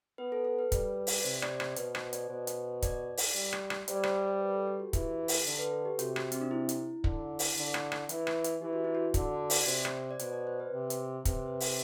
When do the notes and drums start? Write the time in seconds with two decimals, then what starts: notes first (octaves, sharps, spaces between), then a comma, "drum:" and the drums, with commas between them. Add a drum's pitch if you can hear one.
0.18 B3 B4
0.32 A4
0.45 A4
0.59 B4
0.72 G3, drum: kick, hi-hat
1.07 drum: open hi-hat
1.17 D5
1.24 C3 C5
1.42 D5, drum: rim click
1.60 C5, drum: rim click
1.76 B2 B4, drum: hi-hat
1.95 C5, drum: rim click
2.13 D5, drum: hi-hat
2.29 B2 C5
2.47 drum: hi-hat
2.82 D5, drum: kick, hi-hat
3.17 drum: open hi-hat
3.35 G3
3.53 drum: rim click
3.70 drum: rim click
3.88 G3 C5, drum: hi-hat
3.95 D5
4.03 C5, drum: rim click
4.14 C5
4.41 B4
4.53 A4
4.67 G4
4.80 F#4
4.93 E3 G4, drum: kick, hi-hat
5.28 drum: open hi-hat
5.46 D3 A4
5.59 B4
5.71 A4
5.85 G4
5.99 C3 F#4, drum: hi-hat
6.16 drum: rim click
6.32 C4, drum: hi-hat
6.41 D4
6.51 E4
6.69 drum: hi-hat
7.04 D3, drum: kick
7.39 drum: open hi-hat
7.57 D3
7.74 drum: rim click
7.92 drum: rim click
8.09 E3, drum: hi-hat
8.27 drum: rim click
8.44 drum: hi-hat
8.61 E3 G4
8.73 F#4
8.84 E4
8.95 F#4
9.14 D3, drum: kick, hi-hat
9.50 drum: open hi-hat
9.60 D5
9.67 C3 C5
9.85 drum: rim click
10.11 D5
10.19 B2 C5, drum: hi-hat
10.33 D5
10.47 C5
10.60 B4
10.72 C3
10.90 drum: hi-hat
11.25 C3 B4, drum: kick, hi-hat
11.35 C5
11.46 B4
11.60 drum: open hi-hat